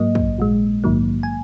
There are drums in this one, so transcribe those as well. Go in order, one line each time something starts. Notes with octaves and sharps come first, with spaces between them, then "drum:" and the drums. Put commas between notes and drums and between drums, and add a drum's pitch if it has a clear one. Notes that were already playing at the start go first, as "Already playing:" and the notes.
Already playing: G#2 F#3 A#3 D#5
drum: kick
A#1 A#2 G#3
A#1 G#2 D#3 F#3 A#3
G#5